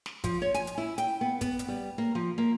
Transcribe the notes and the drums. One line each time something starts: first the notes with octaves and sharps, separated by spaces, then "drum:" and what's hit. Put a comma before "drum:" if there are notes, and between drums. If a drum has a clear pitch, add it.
drum: snare
F3, drum: kick, hi-hat
C#5
G#5, drum: hi-hat
drum: hi-hat
E4
G5, drum: hi-hat
B3
B3, drum: kick, hi-hat
drum: hi-hat
G3
A#3
F3
A#3